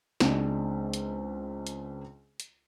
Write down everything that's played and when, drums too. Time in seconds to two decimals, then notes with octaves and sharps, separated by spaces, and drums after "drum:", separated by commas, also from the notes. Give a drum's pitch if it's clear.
0.20 C#2 G#3 C4 D4 C5, drum: snare
0.94 drum: hi-hat
1.67 drum: hi-hat
2.40 drum: hi-hat